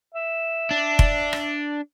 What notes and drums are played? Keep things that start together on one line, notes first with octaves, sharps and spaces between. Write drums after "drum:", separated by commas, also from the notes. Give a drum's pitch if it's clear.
E5
D4
drum: kick F1
drum: rim click